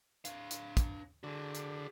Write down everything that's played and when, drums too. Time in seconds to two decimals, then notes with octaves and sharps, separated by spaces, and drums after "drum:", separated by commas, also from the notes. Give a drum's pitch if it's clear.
0.25 D4 F5, drum: hi-hat
0.51 drum: hi-hat
0.77 drum: kick, hi-hat
1.23 D3 F#4 G#4
1.55 drum: hi-hat